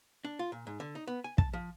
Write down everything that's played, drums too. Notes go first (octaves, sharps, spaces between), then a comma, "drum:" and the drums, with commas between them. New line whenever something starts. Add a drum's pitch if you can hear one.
D4
F4
A#2
G#2
D3
D#4
B3
G#5
A5, drum: kick
F3